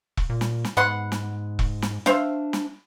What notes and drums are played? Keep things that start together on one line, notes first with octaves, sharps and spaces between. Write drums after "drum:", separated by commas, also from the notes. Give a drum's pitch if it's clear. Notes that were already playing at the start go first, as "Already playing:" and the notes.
drum: kick E1
A#2
drum: snare
drum: snare
G#2 B3 F#5 C6
drum: snare
drum: kick E1
drum: snare
D4 C5 E5 F5, drum: snare
drum: snare